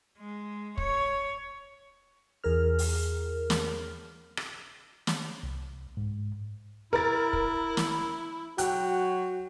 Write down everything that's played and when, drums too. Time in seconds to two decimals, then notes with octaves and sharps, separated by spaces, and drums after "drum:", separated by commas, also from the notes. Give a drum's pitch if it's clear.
0.18 G#3
0.78 C#5, drum: kick
2.44 E2 G#4 A#4 F6
2.79 drum: open hi-hat
3.50 drum: snare
4.37 drum: rim click
5.07 drum: snare
5.43 C2
5.97 G#2
6.93 E4 A#4 A6
7.33 drum: kick
7.77 drum: snare
8.58 F#3 F#4 G5 F#6, drum: hi-hat